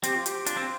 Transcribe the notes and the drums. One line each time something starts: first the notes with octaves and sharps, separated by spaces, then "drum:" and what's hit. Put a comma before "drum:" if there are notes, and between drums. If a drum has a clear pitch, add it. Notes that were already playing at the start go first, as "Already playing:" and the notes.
C4 G4, drum: hi-hat
F4
G4, drum: hi-hat
D4 F4, drum: hi-hat
C4